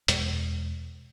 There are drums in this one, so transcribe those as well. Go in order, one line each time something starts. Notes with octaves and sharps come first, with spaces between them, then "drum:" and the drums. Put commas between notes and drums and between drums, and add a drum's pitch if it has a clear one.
E2 B2 G#3, drum: hi-hat